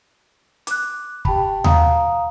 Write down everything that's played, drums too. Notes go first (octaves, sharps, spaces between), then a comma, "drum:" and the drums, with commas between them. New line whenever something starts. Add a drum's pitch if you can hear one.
D6 F#6, drum: hi-hat
G4 G5 A5 B5, drum: kick
F5 F#5 A#5 D#6, drum: tom D#2